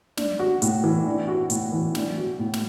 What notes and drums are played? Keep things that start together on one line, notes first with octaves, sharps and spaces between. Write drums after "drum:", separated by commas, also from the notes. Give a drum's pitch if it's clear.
D4, drum: snare
F#4
A2, drum: hi-hat
E3
D4
F#4
A2, drum: hi-hat
E3
D4, drum: snare
F#4
A2
drum: snare